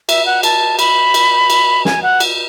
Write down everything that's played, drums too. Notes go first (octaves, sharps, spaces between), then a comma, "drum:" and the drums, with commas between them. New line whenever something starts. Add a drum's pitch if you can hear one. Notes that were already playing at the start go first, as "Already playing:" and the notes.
E5, drum: cymbal
F#5
A5, drum: cymbal
B5, drum: cymbal
drum: cymbal
drum: cymbal
G#5, drum: snare
F#5
drum: cymbal